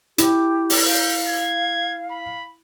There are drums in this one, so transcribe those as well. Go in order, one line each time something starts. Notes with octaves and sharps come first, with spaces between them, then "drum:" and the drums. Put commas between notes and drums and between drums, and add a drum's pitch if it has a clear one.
E4 G4, drum: hi-hat
drum: open hi-hat
F5 G6
G#6
B5